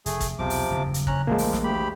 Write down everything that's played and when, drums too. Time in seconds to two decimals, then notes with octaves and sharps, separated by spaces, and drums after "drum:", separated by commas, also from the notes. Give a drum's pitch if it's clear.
0.06 F1 A3 G#4, drum: hi-hat
0.20 drum: kick, hi-hat
0.39 B1 E2 C3 F3 D6
0.50 drum: open hi-hat
0.71 F#1 E2 G2
0.94 drum: hi-hat
1.07 C#4 A#5 F#6, drum: kick
1.27 A1 D#2 A2 F3 G#3 A#3
1.38 drum: open hi-hat
1.53 drum: snare
1.64 D2 G4 B5